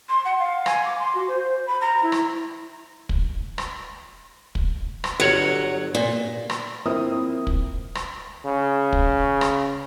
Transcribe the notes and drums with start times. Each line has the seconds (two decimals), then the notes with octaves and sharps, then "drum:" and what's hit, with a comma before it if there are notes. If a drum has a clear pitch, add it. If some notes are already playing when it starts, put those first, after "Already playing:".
0.09 C6
0.25 F#5
0.39 F5
0.66 G#5, drum: rim click
0.85 D6
0.99 C6
1.15 F#4
1.28 C5
1.67 B5
1.81 A#5
2.03 E4
2.12 drum: rim click
3.09 drum: kick
3.58 drum: rim click
4.55 drum: kick
5.04 drum: rim click
5.20 G1 F#3 C#5 F#5
5.95 A#2
6.50 drum: rim click
6.85 F3 A#3 C4 E4 D#6
7.47 drum: kick
7.95 drum: rim click
8.45 C#3
8.93 drum: kick
9.41 drum: rim click